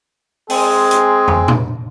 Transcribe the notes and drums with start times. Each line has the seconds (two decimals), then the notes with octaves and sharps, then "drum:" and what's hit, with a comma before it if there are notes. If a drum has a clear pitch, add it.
0.50 G#3 C4 G#4, drum: open hi-hat
0.91 drum: hi-hat
1.28 drum: tom
1.48 drum: tom A#2